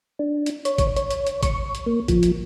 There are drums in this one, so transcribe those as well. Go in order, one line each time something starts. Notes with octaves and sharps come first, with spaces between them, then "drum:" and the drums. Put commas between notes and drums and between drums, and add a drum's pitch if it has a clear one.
D4
drum: hi-hat
C#5, drum: hi-hat
drum: kick, hi-hat
C#5, drum: hi-hat
drum: hi-hat
drum: hi-hat
C#6, drum: kick, hi-hat
drum: hi-hat
A#3
F3, drum: kick, hi-hat
drum: hi-hat